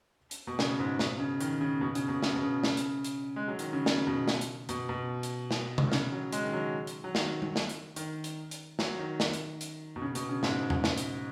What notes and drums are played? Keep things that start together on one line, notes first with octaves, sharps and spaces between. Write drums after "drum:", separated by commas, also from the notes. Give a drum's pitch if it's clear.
drum: hi-hat
B2
C#3, drum: snare
G#2
B2, drum: snare
C#3
D#3, drum: hi-hat
C#3
B2
C#3, drum: hi-hat
B2
C#3, drum: snare
B2
C#3
drum: snare
drum: hi-hat
drum: hi-hat
G#3
F#3
D#3, drum: hi-hat
C#3
C#3, drum: snare
B2
drum: snare
drum: hi-hat
B2, drum: hi-hat
B2
drum: hi-hat
drum: snare
drum: tom C3
D#3
C#3, drum: snare
F#3
G#3, drum: hi-hat
D#3
F#3
drum: hi-hat
F#3
D#3, drum: snare
drum: tom G3
drum: snare
drum: hi-hat
D#3, drum: hi-hat
drum: hi-hat
drum: hi-hat
F#3, drum: snare
D#3
drum: snare
drum: hi-hat
drum: hi-hat
B2
C#3
B2, drum: hi-hat
C#3
G#2, drum: snare
drum: tom E2
drum: snare
drum: hi-hat